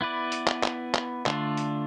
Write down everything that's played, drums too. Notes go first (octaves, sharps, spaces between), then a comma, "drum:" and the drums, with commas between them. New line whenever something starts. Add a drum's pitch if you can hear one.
B3 E4 B4 D5
drum: hi-hat
drum: clap
drum: clap
drum: clap
D3 A3 D4 F4, drum: clap
drum: hi-hat